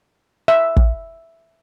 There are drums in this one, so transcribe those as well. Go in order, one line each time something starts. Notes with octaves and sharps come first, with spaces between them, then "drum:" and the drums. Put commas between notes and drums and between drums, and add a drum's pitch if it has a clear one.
E5
drum: kick